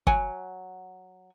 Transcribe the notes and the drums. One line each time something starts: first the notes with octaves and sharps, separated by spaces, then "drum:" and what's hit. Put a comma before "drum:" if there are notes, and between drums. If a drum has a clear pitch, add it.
F#3 F#5 G#5, drum: kick